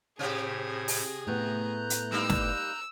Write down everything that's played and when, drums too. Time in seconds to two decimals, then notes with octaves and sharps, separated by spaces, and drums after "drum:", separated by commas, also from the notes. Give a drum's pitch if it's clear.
0.19 A2 C3 G4 G#4 C5 G#6
0.88 drum: open hi-hat
1.27 A2 A3 B3 A#5 F#6 G6
1.90 drum: hi-hat
2.12 G3 A#3 D#4 E6
2.30 drum: snare